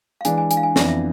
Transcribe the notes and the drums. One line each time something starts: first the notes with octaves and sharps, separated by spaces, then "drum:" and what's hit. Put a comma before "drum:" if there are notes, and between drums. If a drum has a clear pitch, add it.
F5
E3 G#3 D4 G#5, drum: hi-hat
G#5
G#5, drum: hi-hat
F5
G#5
F2 E3 B3 D4 E5, drum: snare
E5